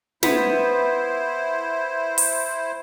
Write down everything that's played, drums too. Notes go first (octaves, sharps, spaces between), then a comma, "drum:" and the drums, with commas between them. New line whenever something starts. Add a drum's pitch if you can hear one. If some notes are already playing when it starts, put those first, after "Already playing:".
B3 E4 B4 C5, drum: snare
drum: open hi-hat